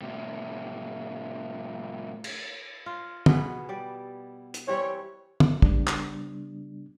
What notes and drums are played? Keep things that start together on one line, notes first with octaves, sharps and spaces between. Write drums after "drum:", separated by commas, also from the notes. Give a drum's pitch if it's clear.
A2 C3
drum: cymbal
F4
B2 B3 G#4, drum: tom
G3 D5
drum: hi-hat
E3 G3 C4 C#5
drum: tom
C#3 G3 B3 D4, drum: kick
drum: clap